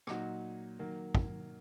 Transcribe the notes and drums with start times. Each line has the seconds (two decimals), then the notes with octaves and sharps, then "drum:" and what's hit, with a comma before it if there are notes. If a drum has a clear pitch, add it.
0.07 A#2 F#3 D#4 F#4, drum: rim click
0.79 D#3 F#3 A#3
1.15 drum: kick